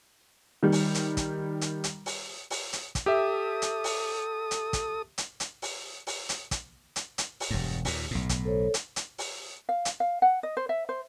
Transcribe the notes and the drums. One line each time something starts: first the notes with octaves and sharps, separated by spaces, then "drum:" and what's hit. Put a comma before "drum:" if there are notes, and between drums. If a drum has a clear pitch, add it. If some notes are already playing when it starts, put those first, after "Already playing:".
D#3 G3
drum: open hi-hat
drum: hi-hat
drum: kick, hi-hat
drum: hi-hat
drum: hi-hat
drum: open hi-hat
drum: open hi-hat
drum: hi-hat
drum: kick, hi-hat
G4 A4 E5 D#6
drum: hi-hat
drum: open hi-hat
drum: hi-hat
drum: kick, hi-hat
drum: hi-hat
drum: hi-hat
drum: open hi-hat
drum: open hi-hat
drum: hi-hat
drum: kick, hi-hat
drum: hi-hat
drum: hi-hat
drum: open hi-hat
E1 G2
D#2 A#2, drum: open hi-hat
B1 A2
drum: kick, hi-hat
A4 C5 C#5
drum: hi-hat
drum: hi-hat
drum: open hi-hat
F5
drum: hi-hat
F5
F#5
D#5
C5
E5
C5